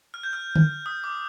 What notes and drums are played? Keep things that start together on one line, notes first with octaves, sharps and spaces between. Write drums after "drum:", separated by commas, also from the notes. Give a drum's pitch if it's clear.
F6
G6
F6
drum: tom D3
D#6
D6